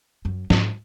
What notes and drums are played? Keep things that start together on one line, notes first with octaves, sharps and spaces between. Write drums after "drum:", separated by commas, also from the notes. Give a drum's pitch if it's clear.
F#2
G#2, drum: snare